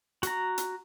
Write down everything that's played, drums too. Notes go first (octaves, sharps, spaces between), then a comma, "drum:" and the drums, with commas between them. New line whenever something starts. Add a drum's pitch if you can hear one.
F#4 A#5, drum: hi-hat
drum: hi-hat